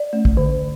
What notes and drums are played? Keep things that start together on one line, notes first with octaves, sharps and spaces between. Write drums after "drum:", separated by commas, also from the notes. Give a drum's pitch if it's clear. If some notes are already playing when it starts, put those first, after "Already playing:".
Already playing: D5
A3 C#4
drum: kick
D3